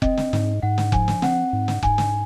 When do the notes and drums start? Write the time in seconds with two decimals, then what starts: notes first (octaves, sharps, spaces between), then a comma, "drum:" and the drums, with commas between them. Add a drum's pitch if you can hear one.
0.02 C4 D#5, drum: kick F1
0.17 drum: snare
0.33 G#2, drum: snare
0.63 G#2 F#5
0.78 drum: snare
0.92 F3 G#5, drum: kick F1
1.08 drum: snare
1.22 C4 F#5, drum: snare
1.53 G#2
1.68 drum: snare
1.83 G#2 G#5, drum: kick F1
1.98 drum: snare